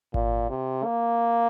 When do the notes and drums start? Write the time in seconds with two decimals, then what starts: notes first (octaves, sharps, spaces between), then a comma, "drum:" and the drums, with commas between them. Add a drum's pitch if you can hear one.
0.14 A#2, drum: kick G#1
0.50 C3
0.84 A#3